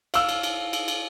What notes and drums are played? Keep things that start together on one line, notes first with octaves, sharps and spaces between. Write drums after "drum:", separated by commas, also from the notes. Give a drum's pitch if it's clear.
F5 E6, drum: cymbal
drum: cymbal
drum: cymbal
drum: cymbal
drum: cymbal